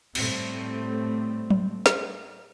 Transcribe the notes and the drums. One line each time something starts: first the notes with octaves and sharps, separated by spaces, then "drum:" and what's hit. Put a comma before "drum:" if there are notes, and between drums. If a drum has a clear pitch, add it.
A2 G3 A3 C4, drum: cymbal
drum: tom F#3
drum: snare